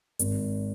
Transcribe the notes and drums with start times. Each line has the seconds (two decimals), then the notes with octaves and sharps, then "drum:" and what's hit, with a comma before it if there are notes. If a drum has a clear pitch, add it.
0.19 G#1, drum: hi-hat